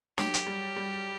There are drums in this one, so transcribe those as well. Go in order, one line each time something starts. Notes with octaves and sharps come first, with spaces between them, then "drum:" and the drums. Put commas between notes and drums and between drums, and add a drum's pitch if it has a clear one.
F#3 G4, drum: snare
drum: hi-hat
G3
G3